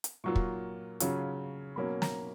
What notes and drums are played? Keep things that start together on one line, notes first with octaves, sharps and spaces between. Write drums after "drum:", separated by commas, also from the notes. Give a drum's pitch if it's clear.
drum: hi-hat
A#2 F#3 A#3 F4 C#6
drum: kick
C#3 F#3 C#4 F4, drum: hi-hat
B2 F#3 A#3 C#4 B5
A#5, drum: snare